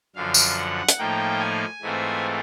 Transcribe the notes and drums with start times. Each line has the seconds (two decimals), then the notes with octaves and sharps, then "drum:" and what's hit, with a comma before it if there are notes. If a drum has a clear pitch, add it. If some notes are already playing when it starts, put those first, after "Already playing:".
0.15 F#2 D3 F3 F5
0.34 drum: tambourine
0.57 F#5
0.89 drum: hi-hat
0.98 A2 F3 A#3 D#4 G5
1.40 G#5
1.82 G#2 E3 A3 C4 F4